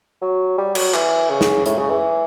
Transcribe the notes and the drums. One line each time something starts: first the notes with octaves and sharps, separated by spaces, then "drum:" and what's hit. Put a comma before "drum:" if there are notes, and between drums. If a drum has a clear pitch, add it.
F#3
G3
F#3, drum: cymbal
E3, drum: clap
C#3
drum: snare
A2, drum: hi-hat
C#3
E3